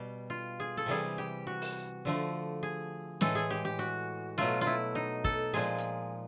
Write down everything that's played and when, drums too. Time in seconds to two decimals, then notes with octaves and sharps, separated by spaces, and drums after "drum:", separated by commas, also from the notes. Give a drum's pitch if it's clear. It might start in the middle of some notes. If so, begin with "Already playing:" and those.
Already playing: B2 G3
0.30 F4
0.60 G#4
0.77 A4
0.86 C3 E3 G3 G#4
1.18 G4
1.47 F#4
1.62 drum: open hi-hat
2.05 D3 F3 A3
2.63 G#4
3.21 A2 E3 G#3 A4, drum: snare
3.35 G#4, drum: hi-hat
3.50 G4
3.65 G4
3.79 F#4
4.38 B2 F#3 A3 F4
4.61 F4
4.67 E4
4.95 D#4
5.24 A4, drum: kick
5.53 A#2 F3 G#3 G#4
5.78 drum: hi-hat